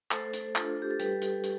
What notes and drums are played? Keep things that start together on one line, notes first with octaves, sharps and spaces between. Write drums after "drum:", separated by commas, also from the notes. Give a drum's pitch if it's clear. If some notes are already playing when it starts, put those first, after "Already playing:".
A3 A4 C5, drum: clap
drum: hi-hat
D4 F4 A4, drum: clap
G4
A4
G3 G4 B4, drum: hi-hat
drum: hi-hat
drum: hi-hat